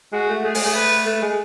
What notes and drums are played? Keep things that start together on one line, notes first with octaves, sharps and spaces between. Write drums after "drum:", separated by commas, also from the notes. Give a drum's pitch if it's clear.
G#3 F#4
A3
A3 G#4
G#3, drum: open hi-hat
A3
B4
A3
G#3